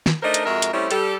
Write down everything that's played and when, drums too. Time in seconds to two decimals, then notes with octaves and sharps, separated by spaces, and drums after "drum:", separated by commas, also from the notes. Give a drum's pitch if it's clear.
0.06 drum: snare
0.23 A3 D4 D#4 A#4 C5 D#5
0.34 drum: hi-hat
0.45 F2 G#3 F#4 A#4 E5
0.62 drum: hi-hat
0.73 G3 A3 C4 C#4 E4
0.91 G3 G4 A4, drum: hi-hat